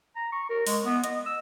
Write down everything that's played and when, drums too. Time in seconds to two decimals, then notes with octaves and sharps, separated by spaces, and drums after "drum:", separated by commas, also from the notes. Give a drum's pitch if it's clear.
0.16 A#5
0.32 C#6
0.50 A#4
0.67 G#3, drum: open hi-hat
0.85 B3
1.04 D#5, drum: hi-hat
1.26 E6